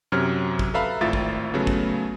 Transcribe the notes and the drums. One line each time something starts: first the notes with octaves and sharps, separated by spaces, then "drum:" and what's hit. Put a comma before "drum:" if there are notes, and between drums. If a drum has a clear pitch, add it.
F#2 C3 F#3 F6 G#6
drum: kick
A4 B4 E5 F5 A#5 B5
G#1 A2 F4 E5 A6
drum: kick
C#3 F#3 A3 B3
drum: kick